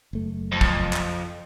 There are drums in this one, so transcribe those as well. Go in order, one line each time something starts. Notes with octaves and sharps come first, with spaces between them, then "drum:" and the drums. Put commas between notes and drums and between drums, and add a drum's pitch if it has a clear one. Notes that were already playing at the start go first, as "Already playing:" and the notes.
F#1 A3
F2
drum: kick
drum: clap